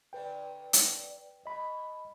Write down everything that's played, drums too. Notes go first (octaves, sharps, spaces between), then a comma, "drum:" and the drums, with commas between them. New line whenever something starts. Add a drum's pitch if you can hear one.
A#2 D3 A3 B4 G5
drum: hi-hat
B2 D#5 B5